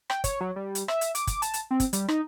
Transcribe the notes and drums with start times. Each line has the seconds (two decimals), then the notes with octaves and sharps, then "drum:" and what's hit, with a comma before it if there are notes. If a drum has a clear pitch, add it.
0.10 G5, drum: rim click
0.24 C#5, drum: kick, hi-hat
0.41 F#3
0.56 G3
0.75 drum: hi-hat
0.88 E5, drum: rim click
1.01 drum: hi-hat
1.15 D6, drum: hi-hat
1.27 drum: kick, hi-hat
1.42 A5, drum: hi-hat
1.54 drum: hi-hat
1.71 C4
1.80 drum: kick, hi-hat
1.93 G3, drum: hi-hat
2.08 D#4, drum: rim click